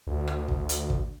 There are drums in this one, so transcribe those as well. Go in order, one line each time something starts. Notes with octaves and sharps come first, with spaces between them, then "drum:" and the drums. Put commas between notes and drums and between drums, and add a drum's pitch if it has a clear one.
D2
drum: rim click
drum: kick
drum: hi-hat
drum: kick